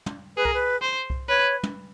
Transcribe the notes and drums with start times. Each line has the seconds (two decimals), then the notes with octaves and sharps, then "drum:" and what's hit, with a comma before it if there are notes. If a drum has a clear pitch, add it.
0.06 drum: tom
0.37 G#4 B4
0.45 A#4, drum: kick C2
0.54 B4
0.82 C5
1.10 drum: kick C2
1.29 B4 C#5
1.63 drum: tom